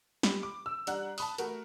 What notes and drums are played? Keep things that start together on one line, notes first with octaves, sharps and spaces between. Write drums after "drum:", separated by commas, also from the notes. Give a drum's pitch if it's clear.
G4 B5, drum: snare
D6
E6
G3 D4 F#5 A#5 F#6, drum: hi-hat
A5 B5 D#6, drum: open hi-hat
A3 F#4 A#4, drum: hi-hat